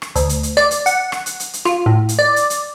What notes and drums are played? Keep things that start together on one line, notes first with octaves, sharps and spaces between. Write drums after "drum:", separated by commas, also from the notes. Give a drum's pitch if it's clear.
drum: rim click
D2, drum: hi-hat
drum: hi-hat
drum: hi-hat
D5, drum: rim click
drum: hi-hat
F#5, drum: hi-hat
drum: rim click
drum: hi-hat
drum: hi-hat
drum: hi-hat
F4, drum: rim click
A2
drum: hi-hat
D5
drum: hi-hat
drum: hi-hat